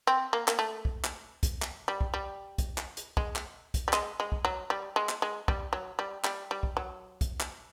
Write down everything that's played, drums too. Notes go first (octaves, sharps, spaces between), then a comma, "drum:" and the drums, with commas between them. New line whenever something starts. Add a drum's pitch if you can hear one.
C4
A#3
A#3, drum: clap
A3
drum: kick
drum: clap
drum: kick, hi-hat
drum: clap
G3
drum: kick
G3
drum: kick, hi-hat
drum: clap
drum: hi-hat
G#3, drum: kick
drum: clap
drum: kick, hi-hat
G3
G#3, drum: clap
G#3
drum: kick
F#3
G3
G#3
drum: clap
G#3
G3, drum: kick
F#3
G3
G3, drum: clap
G3
drum: kick
F#3
drum: kick, hi-hat
drum: clap